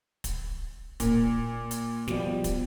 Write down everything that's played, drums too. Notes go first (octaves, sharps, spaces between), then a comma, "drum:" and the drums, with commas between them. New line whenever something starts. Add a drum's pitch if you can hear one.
drum: kick, hi-hat
A#2, drum: kick, hi-hat
drum: hi-hat
B2 F3 G3, drum: snare
drum: kick, hi-hat